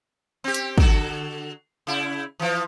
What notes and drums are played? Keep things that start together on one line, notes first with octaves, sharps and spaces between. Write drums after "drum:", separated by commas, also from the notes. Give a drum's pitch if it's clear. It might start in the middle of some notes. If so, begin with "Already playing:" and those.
C4 G4
drum: hi-hat
D3 F#4 A4, drum: kick
C#3 E4
E3 F3